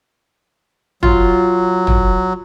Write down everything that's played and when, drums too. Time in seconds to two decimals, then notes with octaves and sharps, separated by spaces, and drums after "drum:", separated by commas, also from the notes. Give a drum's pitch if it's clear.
1.03 F#3 F4, drum: tom
1.87 drum: tom